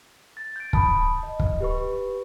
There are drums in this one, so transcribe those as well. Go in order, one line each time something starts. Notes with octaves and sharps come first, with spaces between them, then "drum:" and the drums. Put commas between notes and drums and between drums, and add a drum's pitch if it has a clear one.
A6
G6 D7
A5 B5 D#6, drum: kick
D#5
drum: kick
G4 B4 C#6